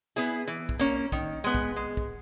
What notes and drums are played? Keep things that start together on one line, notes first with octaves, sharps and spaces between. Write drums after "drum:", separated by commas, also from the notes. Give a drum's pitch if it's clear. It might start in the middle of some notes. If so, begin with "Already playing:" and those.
B3 E4 G#4
E3
drum: kick
A#3 C#4
D#3, drum: kick
G#3 B3
drum: kick
G#3
drum: kick